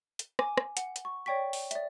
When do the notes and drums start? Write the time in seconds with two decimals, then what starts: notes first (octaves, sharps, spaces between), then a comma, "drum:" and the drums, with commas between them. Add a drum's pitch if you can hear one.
0.19 drum: hi-hat
0.39 G#5 D6, drum: rim click
0.57 drum: rim click
0.77 F#5, drum: hi-hat
0.96 drum: hi-hat
1.05 C#6
1.26 C#5 D5 G5 C#6 B6
1.53 drum: open hi-hat
1.71 D5 E5, drum: hi-hat